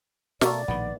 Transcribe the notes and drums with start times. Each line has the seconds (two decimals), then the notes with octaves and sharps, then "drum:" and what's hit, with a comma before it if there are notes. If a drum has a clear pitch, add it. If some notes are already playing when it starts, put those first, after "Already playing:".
0.41 B2 A3 A#3 D5, drum: snare
0.68 A#1 A2 D#3 B3